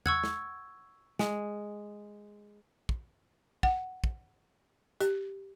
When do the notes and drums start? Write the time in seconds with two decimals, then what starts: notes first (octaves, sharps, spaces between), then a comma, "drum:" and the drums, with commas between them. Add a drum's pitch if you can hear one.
0.06 F#5 C#6 E6 G#6, drum: tom E2
0.24 drum: snare
1.19 G#3, drum: snare
2.89 drum: kick
3.63 F#5, drum: kick
4.04 drum: kick
5.01 G4, drum: hi-hat